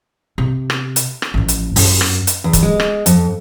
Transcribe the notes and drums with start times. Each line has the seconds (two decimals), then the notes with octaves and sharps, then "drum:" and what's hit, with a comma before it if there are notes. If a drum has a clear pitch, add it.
0.38 C3
0.70 drum: rim click
0.96 drum: hi-hat
1.22 drum: rim click
1.34 A1 F3
1.48 drum: hi-hat
1.76 F#2, drum: open hi-hat
2.01 drum: rim click
2.27 drum: hi-hat
2.44 E2
2.53 drum: kick, hi-hat
2.63 G#3
2.80 drum: rim click
3.06 F2, drum: hi-hat